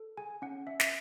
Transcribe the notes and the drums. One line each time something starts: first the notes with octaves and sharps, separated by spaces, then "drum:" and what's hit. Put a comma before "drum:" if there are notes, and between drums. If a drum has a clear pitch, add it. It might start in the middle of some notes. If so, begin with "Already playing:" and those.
Already playing: A4
G#4 G#5
C#4 F#5
C#4 E5
E5, drum: snare